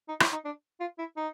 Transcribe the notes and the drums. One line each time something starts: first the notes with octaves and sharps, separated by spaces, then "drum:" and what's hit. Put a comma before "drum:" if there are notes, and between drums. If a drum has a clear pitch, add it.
D#4
E4, drum: rim click
D#4
D4
F4
E4
D#4